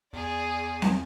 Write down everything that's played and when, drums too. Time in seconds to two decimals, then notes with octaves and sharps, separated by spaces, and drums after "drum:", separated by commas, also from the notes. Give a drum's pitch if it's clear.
0.13 E2 G#4 D5
0.82 drum: snare C4